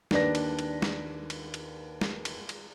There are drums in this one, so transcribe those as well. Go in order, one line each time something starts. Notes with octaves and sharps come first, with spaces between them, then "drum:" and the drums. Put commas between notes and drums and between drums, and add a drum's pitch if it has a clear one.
D#2 D4 B4 D5 A#6, drum: snare
drum: cymbal
drum: cymbal
drum: snare
drum: cymbal
drum: cymbal
drum: snare
drum: cymbal
drum: cymbal